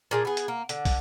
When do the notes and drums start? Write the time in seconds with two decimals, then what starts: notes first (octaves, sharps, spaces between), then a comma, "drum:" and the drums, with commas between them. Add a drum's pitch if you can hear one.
0.11 A#2 G#4 A5
0.25 B3 G#4
0.37 drum: hi-hat
0.48 A#3
0.69 D3, drum: hi-hat
0.85 drum: kick, open hi-hat